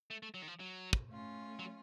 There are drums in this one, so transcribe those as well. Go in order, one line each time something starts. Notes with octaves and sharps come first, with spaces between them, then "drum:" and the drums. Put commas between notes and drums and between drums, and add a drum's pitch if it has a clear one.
A3
A3
F#3
D#3
F3
F#3
drum: kick
A3 C#4 F4
F#3